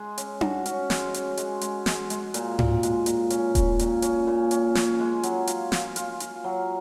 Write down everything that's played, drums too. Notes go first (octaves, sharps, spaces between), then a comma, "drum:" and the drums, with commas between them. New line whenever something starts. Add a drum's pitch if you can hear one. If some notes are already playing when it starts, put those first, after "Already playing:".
Already playing: G#3
C#4, drum: hi-hat
F#4, drum: tom D4
C#4, drum: hi-hat
G#3, drum: snare
C#4, drum: hi-hat
G#3, drum: hi-hat
G#3, drum: hi-hat
G#3, drum: snare
G#3, drum: hi-hat
A#2, drum: hi-hat
A#2, drum: tom G#2
G#3, drum: hi-hat
A#2, drum: hi-hat
C#4, drum: hi-hat
C#4, drum: kick D#1, hi-hat
A#2, drum: hi-hat
C#4, drum: hi-hat
A#2
C#4, drum: hi-hat
C#4, drum: snare
G#3
F#3, drum: hi-hat
F4, drum: hi-hat
F4, drum: snare
F4, drum: hi-hat
F4, drum: hi-hat
F#3